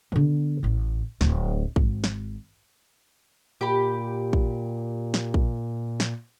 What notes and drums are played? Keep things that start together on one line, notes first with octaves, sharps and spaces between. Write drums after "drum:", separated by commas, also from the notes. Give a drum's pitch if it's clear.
D3 B3, drum: tom
A1 A2
D1 A3, drum: snare
G#1, drum: kick
drum: snare
A#2 G4 B5
drum: kick
drum: snare
drum: kick
drum: snare